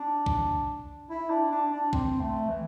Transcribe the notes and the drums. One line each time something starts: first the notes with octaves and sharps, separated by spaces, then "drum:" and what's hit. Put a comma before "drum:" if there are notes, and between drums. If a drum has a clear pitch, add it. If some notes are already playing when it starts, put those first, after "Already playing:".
Already playing: D4
drum: kick B1
E4
D4
D4
D4
C4, drum: kick B1
A3
E3